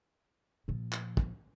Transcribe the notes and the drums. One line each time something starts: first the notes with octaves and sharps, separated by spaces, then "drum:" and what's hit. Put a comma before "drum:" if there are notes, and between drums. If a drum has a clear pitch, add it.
A#2 F3
drum: clap
drum: kick